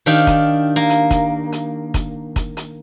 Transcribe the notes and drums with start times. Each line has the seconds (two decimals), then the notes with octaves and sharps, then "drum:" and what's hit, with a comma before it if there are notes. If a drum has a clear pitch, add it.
0.06 D#3 D4 G4 F5
0.27 drum: kick, hi-hat
0.76 A#3
0.90 drum: hi-hat
1.11 drum: kick, hi-hat
1.52 drum: hi-hat
1.94 drum: kick, hi-hat
2.36 drum: kick, hi-hat
2.57 drum: hi-hat